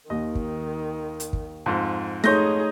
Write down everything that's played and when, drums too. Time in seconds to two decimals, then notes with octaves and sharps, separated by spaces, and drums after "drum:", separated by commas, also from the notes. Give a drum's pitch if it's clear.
0.10 D#2 D#3 D#5
0.35 drum: kick
1.20 drum: hi-hat
1.33 drum: kick
1.66 F2 G#2
2.24 A3 D#4 G#4 C#5 C6 G6 A#6, drum: snare